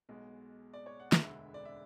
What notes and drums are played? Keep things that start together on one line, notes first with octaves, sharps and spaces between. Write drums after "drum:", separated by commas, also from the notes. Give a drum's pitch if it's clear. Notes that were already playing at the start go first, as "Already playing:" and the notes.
B1 B2 G#3
D5
C#5
F#5
E1 D2 D3 G#3 E5, drum: snare
D5
E5